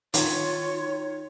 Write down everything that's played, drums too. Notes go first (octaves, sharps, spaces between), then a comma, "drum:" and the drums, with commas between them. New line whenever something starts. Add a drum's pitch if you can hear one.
D#3 F4 C#5, drum: hi-hat